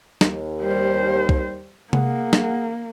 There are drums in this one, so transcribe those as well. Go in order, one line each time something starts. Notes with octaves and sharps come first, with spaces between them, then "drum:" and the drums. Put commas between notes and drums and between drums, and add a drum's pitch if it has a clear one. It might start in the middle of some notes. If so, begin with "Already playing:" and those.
D#2, drum: snare
G3 C5
drum: kick
A#3 G#4 F#5, drum: tom C3
drum: snare